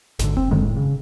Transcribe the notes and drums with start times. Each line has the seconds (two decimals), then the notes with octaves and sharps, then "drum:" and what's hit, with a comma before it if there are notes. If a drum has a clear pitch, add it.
0.19 G#1 G#2 D3, drum: snare
0.37 C4, drum: kick F1
0.51 F#2 D3 D#3 G#3
0.64 A2
0.76 C#3